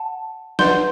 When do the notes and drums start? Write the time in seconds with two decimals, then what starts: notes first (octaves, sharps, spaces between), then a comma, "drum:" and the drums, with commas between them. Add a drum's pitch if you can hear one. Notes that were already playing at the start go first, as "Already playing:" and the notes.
Already playing: F#5 A5
0.59 B4 D5 F#5 C6 G6, drum: snare